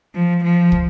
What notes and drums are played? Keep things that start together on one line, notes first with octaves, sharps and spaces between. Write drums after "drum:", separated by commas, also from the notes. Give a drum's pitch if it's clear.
F3
F3
drum: kick